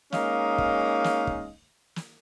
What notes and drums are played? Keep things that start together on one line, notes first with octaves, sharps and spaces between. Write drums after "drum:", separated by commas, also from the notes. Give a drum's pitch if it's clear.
G#3 A#3 C#4 D#4 D#5 F5, drum: snare
drum: kick
drum: snare
drum: kick
drum: snare